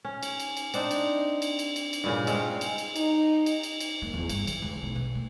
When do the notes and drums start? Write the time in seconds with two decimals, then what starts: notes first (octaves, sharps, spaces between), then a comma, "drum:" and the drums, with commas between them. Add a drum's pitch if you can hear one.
0.05 C#4
0.23 drum: cymbal
0.40 drum: cymbal
0.57 drum: cymbal
0.74 C4 D4 D#4, drum: cymbal
0.91 drum: cymbal
1.42 drum: cymbal
1.59 drum: cymbal
1.76 drum: cymbal
1.93 drum: cymbal
2.04 G2 A#2 C#3
2.27 G#3 C4 C#4 F4, drum: cymbal
2.61 drum: cymbal
2.78 drum: cymbal
2.96 D#4, drum: cymbal
3.46 drum: cymbal
3.63 drum: cymbal
3.80 drum: cymbal
4.02 A#3
4.14 E2
4.29 G2, drum: cymbal
4.47 E3, drum: cymbal
4.62 C#2
4.83 B1
4.96 B2
5.15 A3